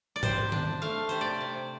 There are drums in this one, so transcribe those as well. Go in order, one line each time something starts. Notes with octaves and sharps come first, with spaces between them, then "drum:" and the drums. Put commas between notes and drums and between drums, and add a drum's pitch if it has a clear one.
D5
C3 C5, drum: tom G#2
D4, drum: tom D#3
A3 F5
C3 C5
D5
C3